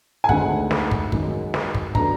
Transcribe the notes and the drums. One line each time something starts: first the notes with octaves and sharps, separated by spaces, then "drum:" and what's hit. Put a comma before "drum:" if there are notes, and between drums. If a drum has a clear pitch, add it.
G#5
D2 D3 G#3 D#4 F#5, drum: kick
drum: snare
drum: kick
F#2 D#3 G#3 D#4, drum: kick
drum: snare
drum: kick
D3 F#3 B3 D4 A#5, drum: kick